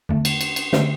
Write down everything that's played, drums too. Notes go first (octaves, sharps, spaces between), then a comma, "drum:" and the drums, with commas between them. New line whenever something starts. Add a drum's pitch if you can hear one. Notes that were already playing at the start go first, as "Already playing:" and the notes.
E2 D3 A3
drum: cymbal
drum: cymbal
drum: cymbal
D3 A3, drum: snare